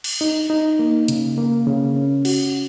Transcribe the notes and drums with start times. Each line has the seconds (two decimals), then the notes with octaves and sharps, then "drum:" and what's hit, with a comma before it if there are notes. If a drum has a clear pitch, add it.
0.04 drum: cymbal
0.21 D#4
0.50 D#4
0.79 A#3
1.08 C#3, drum: hi-hat
1.38 A#3
1.67 C#3
1.96 C#4
2.25 F#4, drum: cymbal